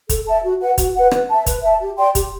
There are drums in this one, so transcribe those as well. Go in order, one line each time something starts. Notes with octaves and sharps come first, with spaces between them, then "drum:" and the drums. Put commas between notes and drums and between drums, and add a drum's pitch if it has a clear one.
A4, drum: kick, hi-hat
E5 A5
F#4
B4 F#5
F#4, drum: kick, hi-hat
B4 F#5
B4, drum: rim click
E5 A5
B4, drum: kick, hi-hat
E5 A5
G4
D5 G5 C6
G4, drum: kick, hi-hat